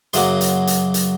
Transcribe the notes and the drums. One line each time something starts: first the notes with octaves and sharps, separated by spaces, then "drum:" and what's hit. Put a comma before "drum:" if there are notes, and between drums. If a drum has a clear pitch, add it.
F#2 C#3 F#3 A#3 C6, drum: hi-hat
drum: hi-hat
drum: hi-hat
drum: hi-hat